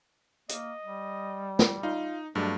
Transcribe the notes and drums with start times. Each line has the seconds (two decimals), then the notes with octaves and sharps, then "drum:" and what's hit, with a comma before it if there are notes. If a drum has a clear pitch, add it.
0.49 A#3 D#5, drum: hi-hat
0.84 G3
1.59 drum: snare
1.83 D#4 F4
2.35 G2 F#3 G#3 A3 D4